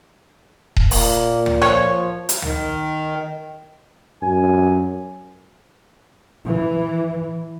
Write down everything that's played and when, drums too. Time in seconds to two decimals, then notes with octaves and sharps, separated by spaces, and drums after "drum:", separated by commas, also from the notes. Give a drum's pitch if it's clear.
0.76 drum: kick D#1
0.91 A#2 A#3, drum: open hi-hat
1.46 drum: tom
1.62 F3 C#5, drum: rim click
2.29 drum: hi-hat
2.42 D#3, drum: tom
4.22 F#2 G#5
6.44 E3